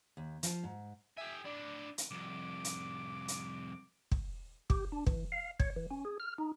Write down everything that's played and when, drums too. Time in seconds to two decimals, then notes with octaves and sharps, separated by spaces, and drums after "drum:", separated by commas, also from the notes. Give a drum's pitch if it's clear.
0.17 D#2
0.43 F3, drum: hi-hat
0.63 G#2
1.17 G4 E5 G#5
1.45 D4 E4 D5
1.98 drum: hi-hat
2.11 C2 F2 D6
2.64 drum: hi-hat
3.28 drum: hi-hat
4.12 drum: kick
4.70 G4, drum: kick
4.92 D4
5.06 E3, drum: kick
5.32 F5
5.60 C#5, drum: kick
5.76 E3
5.91 C#4
6.05 G#4
6.20 F6
6.38 D#4